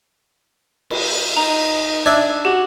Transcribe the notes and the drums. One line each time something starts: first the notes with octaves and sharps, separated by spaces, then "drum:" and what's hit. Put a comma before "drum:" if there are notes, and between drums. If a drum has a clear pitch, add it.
drum: cymbal
D#4 A#5
D4 D5 E5 G#6
F#4 G4